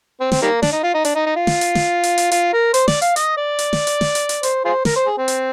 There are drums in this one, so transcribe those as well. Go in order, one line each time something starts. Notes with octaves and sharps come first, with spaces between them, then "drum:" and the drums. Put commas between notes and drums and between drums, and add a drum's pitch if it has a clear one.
C4
C4, drum: snare
D#3 G3 A#3
D4, drum: snare
D#4
F4
D#4
D4, drum: hi-hat
D#4
D#4
F4
drum: snare
drum: hi-hat
drum: snare
drum: hi-hat
drum: hi-hat
F4, drum: hi-hat
A#4
C5, drum: hi-hat
D5, drum: snare
F5, drum: hi-hat
D#5, drum: hi-hat
D5
drum: hi-hat
drum: snare
drum: hi-hat
drum: snare
drum: hi-hat
drum: hi-hat
C5, drum: hi-hat
F4 G#4 C5
A#4, drum: snare
C5
G#4
C4
drum: hi-hat